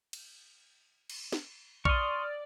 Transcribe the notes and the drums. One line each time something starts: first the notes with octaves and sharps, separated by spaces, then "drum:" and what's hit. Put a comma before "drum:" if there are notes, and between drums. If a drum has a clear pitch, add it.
drum: cymbal
drum: cymbal
drum: snare
D5 C6 C#6 D#6 F6, drum: kick A#1